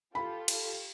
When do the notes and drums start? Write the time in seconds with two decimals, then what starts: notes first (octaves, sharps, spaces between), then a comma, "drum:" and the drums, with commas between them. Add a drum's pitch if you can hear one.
0.15 F4 G4 A4 B5
0.48 drum: cymbal